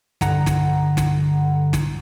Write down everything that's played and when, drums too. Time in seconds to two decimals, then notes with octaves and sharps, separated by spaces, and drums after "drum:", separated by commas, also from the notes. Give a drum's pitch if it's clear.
0.21 G2 D3 F#5 A#5, drum: snare
0.46 drum: snare
0.97 drum: snare
1.73 drum: snare